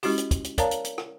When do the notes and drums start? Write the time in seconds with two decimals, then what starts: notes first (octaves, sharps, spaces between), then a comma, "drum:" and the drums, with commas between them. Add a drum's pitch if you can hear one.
0.03 G#3 C#4 E4 F#4 G4, drum: open hi-hat
0.18 drum: hi-hat
0.31 drum: kick, hi-hat
0.44 drum: hi-hat
0.58 A#4 C#5 D5 F5 A5 A#5, drum: kick, hi-hat
0.71 drum: hi-hat
0.85 drum: hi-hat
0.98 drum: rim click